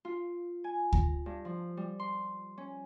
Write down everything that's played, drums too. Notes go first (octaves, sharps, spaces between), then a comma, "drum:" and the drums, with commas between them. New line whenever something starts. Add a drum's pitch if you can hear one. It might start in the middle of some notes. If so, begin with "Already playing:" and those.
F4
G#5
A#5, drum: kick D2
G2
F3
G3
C6
C#4